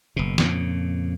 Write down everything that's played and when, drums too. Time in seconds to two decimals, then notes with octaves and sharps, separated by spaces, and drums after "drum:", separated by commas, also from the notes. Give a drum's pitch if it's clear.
0.16 F#1 B2
0.38 F2 A#2 C#3, drum: snare